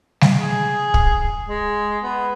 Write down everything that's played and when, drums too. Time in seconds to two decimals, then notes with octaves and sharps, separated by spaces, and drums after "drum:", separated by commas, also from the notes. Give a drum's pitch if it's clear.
0.21 drum: snare G3
0.38 G#4
0.94 drum: kick
1.47 G#3
2.03 B3